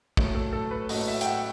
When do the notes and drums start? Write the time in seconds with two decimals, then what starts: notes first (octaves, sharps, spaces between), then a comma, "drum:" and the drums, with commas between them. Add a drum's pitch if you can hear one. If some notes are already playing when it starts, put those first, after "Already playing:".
0.17 A2 F#3 A3, drum: kick
0.35 A4
0.53 A4
0.71 B4
0.89 A2 F#3 A3 D#5, drum: open hi-hat
1.08 E5
1.21 G5, drum: hi-hat
1.26 F#5